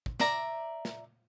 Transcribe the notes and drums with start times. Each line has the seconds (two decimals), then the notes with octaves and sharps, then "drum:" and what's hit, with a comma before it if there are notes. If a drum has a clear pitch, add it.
0.06 drum: kick
0.20 D5 E5 A#5, drum: snare
0.85 drum: snare